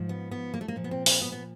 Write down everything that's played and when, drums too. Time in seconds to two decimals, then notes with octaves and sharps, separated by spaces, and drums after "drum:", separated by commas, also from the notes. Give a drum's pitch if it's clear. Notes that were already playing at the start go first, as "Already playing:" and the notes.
Already playing: G#2 F3
0.09 B3
0.31 B3
0.54 A#3
0.61 A3
0.68 A#3
0.76 A#2 F3
0.84 B3
0.91 C4
1.06 C4, drum: open hi-hat
1.22 B3
1.32 B3